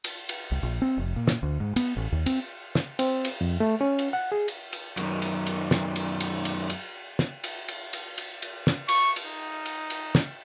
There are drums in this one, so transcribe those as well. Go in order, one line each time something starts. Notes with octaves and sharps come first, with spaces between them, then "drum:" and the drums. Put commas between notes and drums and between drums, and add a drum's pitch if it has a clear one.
drum: cymbal
drum: cymbal
C2
A#1
C4
F1
A#2
drum: snare
D2
G#2
B3, drum: cymbal
A1
D#2
C4, drum: cymbal
drum: snare
C4, drum: cymbal
drum: cymbal
F2
A3
C#4
drum: cymbal
F#5
G#4
drum: cymbal
drum: cymbal
F#2 D#3, drum: cymbal
drum: cymbal
drum: cymbal
drum: snare
drum: cymbal
drum: cymbal
drum: cymbal
drum: cymbal
drum: snare
drum: cymbal
drum: cymbal
drum: cymbal
drum: cymbal
drum: cymbal
drum: snare
C#6, drum: cymbal
drum: cymbal
D#4
drum: cymbal
drum: cymbal
drum: snare